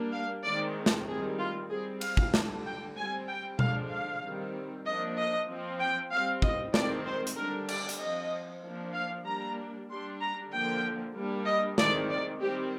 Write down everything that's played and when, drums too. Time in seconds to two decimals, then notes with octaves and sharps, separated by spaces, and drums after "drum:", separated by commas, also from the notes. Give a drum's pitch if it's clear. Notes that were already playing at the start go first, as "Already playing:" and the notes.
Already playing: G3 A#3 D4
0.13 F5
0.44 D#3 G#3 C4 D5
0.86 drum: snare
1.08 D#3 G3 C4 G#4
1.38 F4
1.70 G3 C4 G#4
2.01 F5, drum: cymbal
2.17 drum: kick
2.34 D3 G3 D4, drum: snare
2.64 G5
2.96 G3 C4 G#5
3.28 G5
3.59 D3 F3 G#3 D4 F5, drum: tom B2
3.91 F5
4.22 D#3 G3 C4
4.85 F3 A#3 D4 D#5
5.17 D#5
5.48 F3 C4
5.80 G5
6.11 G3 C4 F5
6.42 D#5, drum: kick
6.74 D#3 G#3 C4 D5, drum: snare
7.05 C5
7.27 drum: hi-hat
7.36 D3 G3 D4 A#4
7.69 D5, drum: cymbal
7.89 drum: hi-hat
8.00 F3 C4 D#5
8.63 F3 A#3 D4
8.94 F5
9.25 G3 A#3 D4 A#5
9.89 G3 D4 C6
10.21 A#5
10.51 D3 F3 A#3 G5
11.15 G3 A#3 D4
11.46 D#5
11.78 D#3 G#3 C4 D5, drum: snare
12.10 D5
12.40 D#3 G3 C4 G4